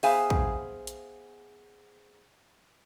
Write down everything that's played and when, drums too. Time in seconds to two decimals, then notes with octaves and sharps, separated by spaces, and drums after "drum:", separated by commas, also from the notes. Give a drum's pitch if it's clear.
0.03 B3 G#4 C5 E5 F5 G#5, drum: open hi-hat
0.30 drum: kick
0.87 drum: hi-hat